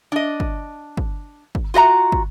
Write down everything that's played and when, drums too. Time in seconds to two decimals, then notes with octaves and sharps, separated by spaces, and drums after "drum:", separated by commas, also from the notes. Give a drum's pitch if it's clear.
0.12 D4 D#5
0.40 drum: kick
0.97 drum: kick
1.55 drum: kick
1.74 F4 F#4 D#5 A#5
2.12 drum: kick